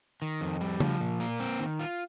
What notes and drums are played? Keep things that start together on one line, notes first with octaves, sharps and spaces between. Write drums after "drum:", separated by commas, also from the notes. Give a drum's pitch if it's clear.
D#3
F2
G3
F3, drum: tom C#3
A#2
A#3
C4
D#3
F4